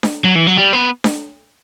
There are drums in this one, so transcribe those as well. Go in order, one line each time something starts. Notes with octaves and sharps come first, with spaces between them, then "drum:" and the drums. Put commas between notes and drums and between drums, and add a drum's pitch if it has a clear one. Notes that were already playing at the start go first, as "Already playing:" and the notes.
drum: snare D4
F#3
E3
F#3
G3
B3
drum: snare D4